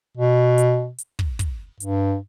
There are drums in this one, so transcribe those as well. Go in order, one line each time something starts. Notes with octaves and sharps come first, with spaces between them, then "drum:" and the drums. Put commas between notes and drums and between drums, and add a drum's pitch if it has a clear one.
B2
drum: hi-hat
drum: hi-hat
drum: kick
drum: kick, hi-hat
G2, drum: hi-hat